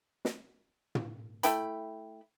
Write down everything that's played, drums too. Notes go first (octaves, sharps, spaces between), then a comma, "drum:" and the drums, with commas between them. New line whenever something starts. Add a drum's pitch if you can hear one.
drum: snare
drum: tom
A3 E4 G5 B5, drum: hi-hat